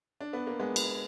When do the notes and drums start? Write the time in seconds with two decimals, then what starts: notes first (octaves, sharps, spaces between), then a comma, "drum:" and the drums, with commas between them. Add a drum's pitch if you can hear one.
0.20 D4
0.33 B3
0.47 A#3
0.60 G#3 B3
0.76 drum: cymbal